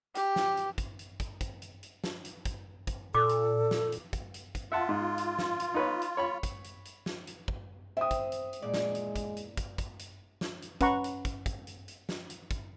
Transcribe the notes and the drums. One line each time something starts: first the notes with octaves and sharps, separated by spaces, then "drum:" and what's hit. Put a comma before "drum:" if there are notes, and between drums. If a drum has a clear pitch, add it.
G4, drum: hi-hat
drum: snare
drum: hi-hat
drum: kick, hi-hat
drum: hi-hat
drum: kick, hi-hat
drum: kick, hi-hat
drum: hi-hat
drum: hi-hat
drum: snare
drum: hi-hat
drum: kick, hi-hat
drum: kick, hi-hat
A#2 A4 D6
drum: hi-hat
drum: snare
drum: hi-hat
drum: kick, hi-hat
drum: hi-hat
drum: kick, hi-hat
F4 E5 F#5 A5
G#2
drum: hi-hat
drum: snare
drum: hi-hat
D#4 B4 C#5
drum: hi-hat
C#5 B5 C#6
drum: kick, hi-hat
drum: hi-hat
drum: hi-hat
drum: snare
drum: hi-hat
drum: kick
C4 E5 D#6
drum: kick, hi-hat
drum: hi-hat
drum: hi-hat
E2 A#2 G#3 D5
drum: snare
drum: hi-hat
drum: kick, hi-hat
drum: hi-hat
drum: kick, hi-hat
drum: kick, hi-hat
drum: hi-hat
drum: snare
drum: hi-hat
C#4 B4 F#5 A#5 C#6, drum: kick, hi-hat
drum: hi-hat
drum: kick, hi-hat
drum: kick, hi-hat
drum: hi-hat
drum: hi-hat
drum: snare
drum: hi-hat
drum: kick, hi-hat